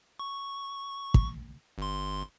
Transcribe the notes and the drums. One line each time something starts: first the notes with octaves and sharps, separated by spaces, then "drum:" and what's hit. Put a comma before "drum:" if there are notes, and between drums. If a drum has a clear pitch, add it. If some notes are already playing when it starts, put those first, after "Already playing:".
C#6
drum: kick
G1 C6